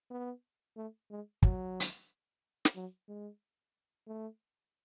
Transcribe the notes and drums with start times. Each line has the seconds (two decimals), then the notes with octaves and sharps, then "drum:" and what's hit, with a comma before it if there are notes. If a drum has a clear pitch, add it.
0.11 B3
0.77 A3
1.11 G#3
1.42 F#3, drum: kick
1.80 drum: hi-hat
2.65 drum: snare
2.76 F#3
3.08 G#3
4.07 A3